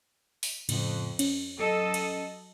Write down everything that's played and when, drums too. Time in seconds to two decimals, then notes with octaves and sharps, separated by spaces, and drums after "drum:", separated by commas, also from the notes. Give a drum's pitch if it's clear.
0.43 drum: open hi-hat
0.69 F2 A2 C#3, drum: cymbal
1.19 C#4, drum: cymbal
1.58 F#3 A4 D#5
1.94 drum: cymbal